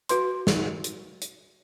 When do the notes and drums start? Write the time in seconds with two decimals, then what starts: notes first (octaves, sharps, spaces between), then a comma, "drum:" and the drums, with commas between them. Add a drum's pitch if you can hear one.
0.09 F#4 B4 C6, drum: hi-hat
0.47 drum: snare
0.84 drum: hi-hat
1.22 drum: hi-hat